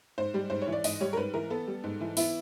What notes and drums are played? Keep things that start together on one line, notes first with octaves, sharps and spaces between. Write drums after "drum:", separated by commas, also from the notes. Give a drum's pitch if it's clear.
G#2 C5
G3
G#2 C5
C#5
E3
D5
G#2 D#5, drum: open hi-hat
G3 C#5
A#4
G#2 B4
E3 A#4
B3 A4
G3
G#2
E3
B3 E4, drum: open hi-hat